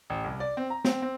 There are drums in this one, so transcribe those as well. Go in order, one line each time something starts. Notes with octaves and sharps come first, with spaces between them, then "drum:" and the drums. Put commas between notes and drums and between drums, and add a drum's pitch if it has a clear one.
A1
C2
D5
C4
A#5
C4, drum: snare
C4